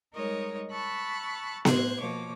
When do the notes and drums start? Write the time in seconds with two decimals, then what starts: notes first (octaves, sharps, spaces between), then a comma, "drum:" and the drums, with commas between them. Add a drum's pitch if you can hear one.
0.15 G3 G#3 D#4 A#4 C#5 D#5
0.71 A5 B5 C#6 E6 F#6 A6
1.65 A2 C5 C6 F#6 G#6, drum: snare B3
1.98 B2 F3 A#3 C#5 D6